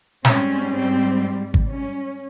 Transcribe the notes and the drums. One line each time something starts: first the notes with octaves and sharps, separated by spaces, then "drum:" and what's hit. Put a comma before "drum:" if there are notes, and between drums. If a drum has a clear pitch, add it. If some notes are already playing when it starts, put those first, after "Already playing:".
G#2 G3 C4 C#4, drum: snare
C4
drum: kick G#1
C#4